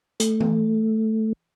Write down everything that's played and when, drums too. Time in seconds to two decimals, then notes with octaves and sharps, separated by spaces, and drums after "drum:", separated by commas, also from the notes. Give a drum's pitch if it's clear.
0.20 A3, drum: hi-hat
0.40 drum: tom E3